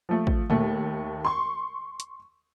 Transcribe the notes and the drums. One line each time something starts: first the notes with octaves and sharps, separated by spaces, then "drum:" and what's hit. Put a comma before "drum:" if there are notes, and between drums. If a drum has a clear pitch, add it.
F3 A3
drum: kick
D#2 A3, drum: tom A#2
C6 C#6
drum: hi-hat